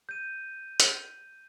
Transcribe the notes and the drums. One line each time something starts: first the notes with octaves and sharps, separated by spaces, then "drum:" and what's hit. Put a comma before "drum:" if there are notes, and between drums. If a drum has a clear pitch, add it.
G6 D#7
drum: hi-hat